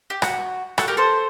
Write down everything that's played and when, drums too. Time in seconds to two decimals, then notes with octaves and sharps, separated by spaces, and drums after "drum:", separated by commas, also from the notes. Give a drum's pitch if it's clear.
0.10 G4
0.22 F#4, drum: rim click
0.78 F#4 A4, drum: rim click
0.88 G4 A#4
0.97 A4 C5